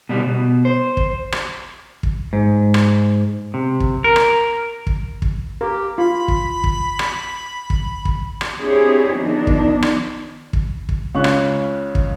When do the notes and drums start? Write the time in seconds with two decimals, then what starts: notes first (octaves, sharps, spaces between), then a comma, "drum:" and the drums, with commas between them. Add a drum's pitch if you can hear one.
0.09 B2 G3
0.26 B2
0.65 C5
0.97 drum: kick
1.32 drum: rim click
2.03 drum: kick
2.33 G#2
2.74 drum: rim click
3.54 C3
3.80 drum: kick
4.04 A#4
4.16 drum: rim click
4.87 drum: kick
5.22 drum: kick
5.61 G4 A#4
5.98 F4 B5
6.28 drum: kick
6.64 drum: kick
6.99 drum: rim click
7.70 drum: kick
8.05 drum: kick
8.41 drum: rim click
8.58 C4 D4 E4 G4 G#4 C#5
9.15 D#3 F3 B3 D4 D#4
9.47 drum: kick
9.82 drum: rim click
10.53 drum: kick
10.89 drum: kick
11.15 C#2 C#3 C#4 C#6 F#6
11.24 drum: rim click
11.95 drum: kick